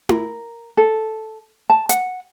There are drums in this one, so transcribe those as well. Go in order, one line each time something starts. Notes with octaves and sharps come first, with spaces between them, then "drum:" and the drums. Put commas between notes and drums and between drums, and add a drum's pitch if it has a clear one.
A#4, drum: tom E4
A4
A5
F#5, drum: hi-hat